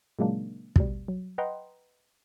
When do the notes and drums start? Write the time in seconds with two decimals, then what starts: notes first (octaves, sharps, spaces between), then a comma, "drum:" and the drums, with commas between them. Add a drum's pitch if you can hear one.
0.19 A#2 C#3 F#3 G#3 A#3 D4
0.76 D2 B2 G3, drum: kick
1.08 F#3
1.38 B4 D#5 F#5 G5 A#5 C6